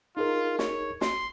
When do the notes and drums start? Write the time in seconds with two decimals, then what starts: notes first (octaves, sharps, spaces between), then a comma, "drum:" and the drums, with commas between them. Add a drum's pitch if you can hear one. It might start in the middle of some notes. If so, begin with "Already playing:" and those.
0.17 D#4 F4 G#4 A#4
0.59 C#5, drum: snare
1.01 C6, drum: snare